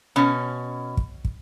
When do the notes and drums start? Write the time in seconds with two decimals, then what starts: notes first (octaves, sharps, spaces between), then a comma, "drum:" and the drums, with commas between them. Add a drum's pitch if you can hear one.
0.16 B2 C#4
0.97 drum: kick
1.25 drum: kick